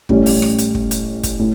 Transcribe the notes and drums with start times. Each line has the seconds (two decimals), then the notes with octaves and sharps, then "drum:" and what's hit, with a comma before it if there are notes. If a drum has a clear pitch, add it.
0.09 A1 A2 G3 C#4, drum: kick
0.26 drum: open hi-hat
0.42 drum: rim click
0.58 drum: hi-hat
0.75 drum: kick
0.91 drum: hi-hat
1.23 drum: kick, hi-hat
1.39 A2